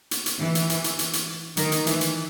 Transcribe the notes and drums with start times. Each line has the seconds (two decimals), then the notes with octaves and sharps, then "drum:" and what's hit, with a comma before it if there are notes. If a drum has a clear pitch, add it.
0.11 drum: hi-hat
0.26 drum: hi-hat
0.40 E3
0.55 drum: hi-hat
0.70 drum: hi-hat
0.84 drum: hi-hat
0.99 drum: hi-hat
1.13 drum: hi-hat
1.57 D#3, drum: hi-hat
1.72 drum: hi-hat
1.87 E3, drum: hi-hat
2.01 drum: hi-hat